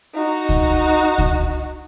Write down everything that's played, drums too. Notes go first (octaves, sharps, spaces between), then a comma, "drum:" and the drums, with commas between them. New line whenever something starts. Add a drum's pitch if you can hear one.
D#4 F#4
drum: kick C#2
drum: kick C#2